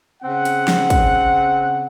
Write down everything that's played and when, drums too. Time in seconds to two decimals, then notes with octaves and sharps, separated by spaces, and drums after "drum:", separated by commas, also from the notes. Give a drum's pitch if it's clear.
0.23 C#3 C4 F#5
0.45 drum: hi-hat
0.68 drum: snare
0.90 drum: kick, hi-hat